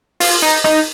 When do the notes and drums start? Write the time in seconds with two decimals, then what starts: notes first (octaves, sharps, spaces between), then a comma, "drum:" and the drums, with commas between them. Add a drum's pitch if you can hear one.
0.20 F4, drum: open hi-hat
0.42 D#4
0.64 D#4, drum: rim click